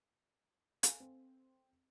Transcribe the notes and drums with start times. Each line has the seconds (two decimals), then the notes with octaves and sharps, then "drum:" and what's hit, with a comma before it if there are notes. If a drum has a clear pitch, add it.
0.83 A4 F5 G#5, drum: hi-hat
1.00 C4